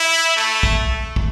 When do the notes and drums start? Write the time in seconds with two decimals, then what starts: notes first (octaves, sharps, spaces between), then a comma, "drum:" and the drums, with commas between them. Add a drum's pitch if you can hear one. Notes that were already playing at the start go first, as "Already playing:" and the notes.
Already playing: E4
0.37 A3
0.63 drum: kick
1.16 drum: kick